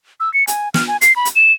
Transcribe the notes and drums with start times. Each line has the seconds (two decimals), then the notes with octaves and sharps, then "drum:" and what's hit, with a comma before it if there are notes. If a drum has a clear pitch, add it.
0.20 E6
0.34 C#7
0.47 G#5, drum: hi-hat
0.74 F6, drum: snare
0.88 G#5
1.01 C7, drum: hi-hat
1.16 B5
1.25 drum: hi-hat
1.36 E7